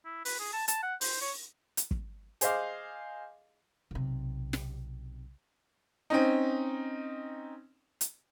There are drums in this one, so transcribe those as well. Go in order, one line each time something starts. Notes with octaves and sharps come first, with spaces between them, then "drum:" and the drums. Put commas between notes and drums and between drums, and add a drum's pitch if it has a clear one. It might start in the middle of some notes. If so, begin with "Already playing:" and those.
E4
B4, drum: open hi-hat
G#4
A5
A5, drum: hi-hat
F#5
C5, drum: open hi-hat
C#5
drum: hi-hat
drum: kick
G#4 C5 D#5 F5 D6, drum: hi-hat
B1 C3
drum: snare
C4 C#4 D#4
drum: hi-hat